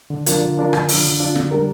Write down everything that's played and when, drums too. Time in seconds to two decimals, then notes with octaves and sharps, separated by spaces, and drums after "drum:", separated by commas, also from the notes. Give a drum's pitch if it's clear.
0.10 D3
0.26 F3 D4 F4 A#4, drum: hi-hat
0.42 D3
0.57 F3 D4 F4 A#4
0.73 D3, drum: rim click
0.89 F3 D4 F4, drum: open hi-hat
1.04 D3
1.20 F3 D4 F4
1.35 D3, drum: snare
1.51 G3 D4 G4 A#4